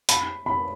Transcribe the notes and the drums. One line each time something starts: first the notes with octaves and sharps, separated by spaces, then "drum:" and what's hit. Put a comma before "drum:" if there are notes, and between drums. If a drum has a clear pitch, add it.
B5, drum: hi-hat
B5